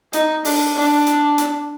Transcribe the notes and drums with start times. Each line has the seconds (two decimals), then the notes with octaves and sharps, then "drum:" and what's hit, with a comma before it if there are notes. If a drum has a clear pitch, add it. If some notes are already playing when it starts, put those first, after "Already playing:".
0.13 D#4, drum: hi-hat
0.45 D4, drum: open hi-hat
0.76 D4
1.07 drum: hi-hat
1.38 drum: hi-hat